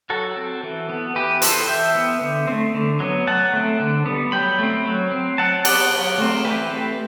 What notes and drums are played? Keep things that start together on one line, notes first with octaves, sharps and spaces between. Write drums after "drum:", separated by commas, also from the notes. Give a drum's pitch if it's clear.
F#3 F#4 A4
C4
E3
B3
E3 G4 B4
B3 A4 C5, drum: hi-hat
E3 E5 G5
B3
D3
A3 C4
D3
F#3 B3
F#3 F#5 A5
A3 C4
D3
G3 B3
F#3 G5 B5
A3 C4
F#3
C4
F#3 F#5 A5
B3 D5 F#5, drum: cymbal
F#3
A3 C4
E3 G4 B4
A3 C4